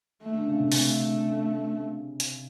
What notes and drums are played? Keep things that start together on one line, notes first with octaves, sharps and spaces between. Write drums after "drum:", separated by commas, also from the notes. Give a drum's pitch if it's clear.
A3
D3
C#3
C3
C3 A3, drum: open hi-hat
drum: hi-hat